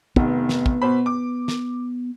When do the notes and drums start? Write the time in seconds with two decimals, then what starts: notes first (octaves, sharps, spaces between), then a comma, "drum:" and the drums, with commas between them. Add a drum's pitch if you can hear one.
0.16 F1 D#3 B3, drum: kick
0.49 drum: snare
0.66 drum: kick
0.82 B2 C5 B5
1.06 D6
1.48 drum: snare